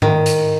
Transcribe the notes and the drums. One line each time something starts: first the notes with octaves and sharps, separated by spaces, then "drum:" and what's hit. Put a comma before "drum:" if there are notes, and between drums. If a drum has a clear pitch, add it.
D#3, drum: tom G#2
drum: hi-hat